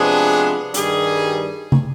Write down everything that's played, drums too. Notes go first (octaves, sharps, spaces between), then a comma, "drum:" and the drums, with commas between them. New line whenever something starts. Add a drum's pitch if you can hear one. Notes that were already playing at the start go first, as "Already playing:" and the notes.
Already playing: C3 F3 G#3 B3 D4 G#4
G2 D#3 G3 G#4, drum: hi-hat
drum: tom